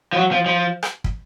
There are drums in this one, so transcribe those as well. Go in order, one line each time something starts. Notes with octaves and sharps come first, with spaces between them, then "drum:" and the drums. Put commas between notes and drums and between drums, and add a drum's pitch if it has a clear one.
F3
F#3
F3
F3
drum: rim click
drum: kick